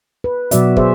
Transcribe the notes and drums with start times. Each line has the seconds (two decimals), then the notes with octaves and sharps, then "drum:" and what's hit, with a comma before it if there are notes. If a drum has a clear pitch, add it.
0.24 B4
0.51 B2 F#3 F#4 D5 E5, drum: hi-hat
0.77 G#4 C5 E5, drum: kick